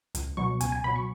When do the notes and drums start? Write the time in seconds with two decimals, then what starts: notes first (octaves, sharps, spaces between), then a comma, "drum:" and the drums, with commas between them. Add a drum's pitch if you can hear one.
0.15 C#2, drum: hi-hat
0.37 B2 F#3 C#6
0.61 C#2 G#5, drum: hi-hat
0.72 G#5
0.84 B2 F#3 B5
0.96 C#6